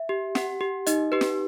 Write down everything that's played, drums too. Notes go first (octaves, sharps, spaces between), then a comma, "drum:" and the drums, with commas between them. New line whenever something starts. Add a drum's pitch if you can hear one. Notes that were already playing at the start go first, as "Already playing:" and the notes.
Already playing: E5
G4
G4 F#5, drum: snare
G4
D#4 D#5, drum: hi-hat
G4 B4
drum: snare